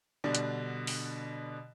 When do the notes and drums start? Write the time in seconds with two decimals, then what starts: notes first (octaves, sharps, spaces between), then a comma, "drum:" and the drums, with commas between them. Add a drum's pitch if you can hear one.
0.24 B2 D3 G3 D4
0.35 drum: hi-hat
0.87 drum: open hi-hat